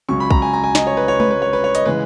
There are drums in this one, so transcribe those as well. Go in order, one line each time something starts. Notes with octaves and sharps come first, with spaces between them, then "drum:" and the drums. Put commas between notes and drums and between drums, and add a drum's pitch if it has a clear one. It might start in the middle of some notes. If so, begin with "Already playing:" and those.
C#2 C#3 F#3 C#4 C#6
B5
A#5, drum: kick
G#5
A#5
G#5
D#5, drum: snare
C#5
B4
C#5
B4, drum: tom G#3
B4
C#5
B4
C#5
D#5, drum: hi-hat
C#3 E3 G#3 B4